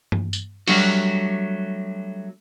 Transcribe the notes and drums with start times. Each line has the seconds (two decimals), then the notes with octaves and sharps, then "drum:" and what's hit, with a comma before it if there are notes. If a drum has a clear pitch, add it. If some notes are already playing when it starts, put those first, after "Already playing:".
0.12 drum: tom G2
0.33 drum: tambourine
0.68 F#3 G3 A3 D4 F#4, drum: open hi-hat